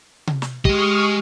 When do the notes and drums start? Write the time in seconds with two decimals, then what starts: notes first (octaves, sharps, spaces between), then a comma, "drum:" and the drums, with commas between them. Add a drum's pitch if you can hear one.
0.27 drum: tom C3
0.42 drum: snare
0.65 G#3 G4 D#5 C#6 D#6 F6, drum: kick